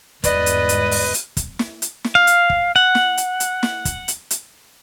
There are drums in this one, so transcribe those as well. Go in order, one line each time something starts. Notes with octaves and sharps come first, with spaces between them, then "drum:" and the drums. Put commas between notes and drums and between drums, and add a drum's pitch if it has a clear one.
G1 E2 G#2 B4 D5 D#5, drum: kick, hi-hat
drum: hi-hat
drum: hi-hat
drum: open hi-hat
drum: hi-hat
drum: kick, hi-hat
drum: snare
drum: hi-hat
drum: snare
F5
drum: hi-hat
drum: kick
F#5
drum: snare
drum: hi-hat
drum: hi-hat
drum: snare
drum: kick, hi-hat
drum: hi-hat
drum: hi-hat